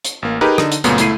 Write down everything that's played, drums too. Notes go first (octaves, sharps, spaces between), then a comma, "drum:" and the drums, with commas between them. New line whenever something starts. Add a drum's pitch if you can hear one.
drum: hi-hat
A1 A#3
D#4 G4 G#4 A#4 B4
D3 D#4, drum: rim click
drum: hi-hat
F#2 A#2 C#3 A3 B3, drum: hi-hat
C#2 A3 E4 C7 D#7, drum: hi-hat